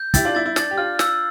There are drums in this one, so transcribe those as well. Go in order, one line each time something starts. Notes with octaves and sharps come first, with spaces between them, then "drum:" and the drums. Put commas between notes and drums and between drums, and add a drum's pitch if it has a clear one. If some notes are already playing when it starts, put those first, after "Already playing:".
Already playing: G6
E4 G4 A6, drum: kick, hi-hat
D4 F4
E4 A6
E4
D4 A6, drum: snare
G4
D4 F4 F6
E6, drum: snare